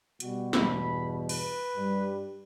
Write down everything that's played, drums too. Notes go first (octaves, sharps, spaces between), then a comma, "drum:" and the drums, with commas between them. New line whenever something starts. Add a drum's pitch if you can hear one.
B2 G3 F#4, drum: hi-hat
E2 G2 B2 B5, drum: snare
B4, drum: cymbal
G2 G3